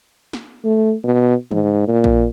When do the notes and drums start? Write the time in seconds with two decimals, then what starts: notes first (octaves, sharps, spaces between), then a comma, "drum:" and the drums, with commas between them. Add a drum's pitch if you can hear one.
0.33 drum: snare
0.64 A3
1.04 B2
1.51 G#2, drum: tom
1.87 A#2
2.04 drum: kick A#1